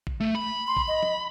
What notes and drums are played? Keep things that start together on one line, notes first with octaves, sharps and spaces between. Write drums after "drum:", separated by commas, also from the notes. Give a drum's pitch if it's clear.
drum: kick
A3
B5
C6
drum: kick
D#5
drum: tom